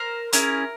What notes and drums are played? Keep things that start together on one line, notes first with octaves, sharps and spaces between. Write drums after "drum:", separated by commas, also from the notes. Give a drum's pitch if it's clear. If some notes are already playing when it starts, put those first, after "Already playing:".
Already playing: A#4 C5
C#4 E4 G#4 A#4, drum: hi-hat